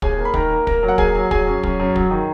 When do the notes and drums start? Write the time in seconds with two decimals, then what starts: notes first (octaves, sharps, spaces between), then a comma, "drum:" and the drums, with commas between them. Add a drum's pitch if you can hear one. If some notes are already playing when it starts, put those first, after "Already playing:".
0.02 D#2 G#4 G#5, drum: kick
0.19 A#3
0.25 B5
0.34 D#3 A#4 A#5, drum: kick
0.50 A#3
0.67 A#3 A#4 A#5, drum: kick
0.83 F#3
0.88 F#5
0.98 A#3 G#4 G#5, drum: kick
1.15 F#3
1.31 F#3 G#4 G#5, drum: kick
1.47 F#2
1.63 F#2, drum: kick
1.80 F#2
1.96 F#3, drum: kick
2.11 D#3